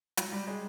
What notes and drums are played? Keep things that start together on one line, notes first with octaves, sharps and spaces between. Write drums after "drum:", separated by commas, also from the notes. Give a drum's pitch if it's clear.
F#3, drum: hi-hat
G3
G#3